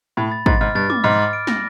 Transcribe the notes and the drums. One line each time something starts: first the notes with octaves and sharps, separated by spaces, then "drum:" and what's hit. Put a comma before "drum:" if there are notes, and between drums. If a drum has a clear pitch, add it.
A2 B5
A6
G#2 A6, drum: kick
G#2 F6
G2 A6
D6, drum: tom
G#2 F6
A6
D7
A#6, drum: snare